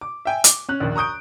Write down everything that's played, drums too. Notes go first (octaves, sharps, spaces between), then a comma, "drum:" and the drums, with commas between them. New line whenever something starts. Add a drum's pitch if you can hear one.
D6
E5 G5 G#5
D6, drum: hi-hat
C#4 F#6
A#1 D#2
A#5 C#6 D#6 G6 D7